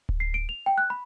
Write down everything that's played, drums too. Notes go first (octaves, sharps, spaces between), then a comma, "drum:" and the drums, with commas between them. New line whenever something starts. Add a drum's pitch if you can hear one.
drum: kick D1
C7
D7
F7
G5
F#6
B5